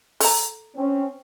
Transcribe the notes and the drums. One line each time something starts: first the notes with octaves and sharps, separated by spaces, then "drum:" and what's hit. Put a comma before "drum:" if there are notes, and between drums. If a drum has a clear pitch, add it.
A4 A#5, drum: open hi-hat
C4 C#4